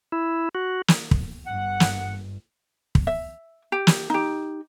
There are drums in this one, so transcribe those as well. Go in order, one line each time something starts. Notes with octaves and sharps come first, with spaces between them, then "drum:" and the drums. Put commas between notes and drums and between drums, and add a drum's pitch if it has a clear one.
E4
F#4
drum: snare
drum: kick
G1 G2 F#5
drum: snare
drum: kick
E5
G4
drum: snare
D#4 G4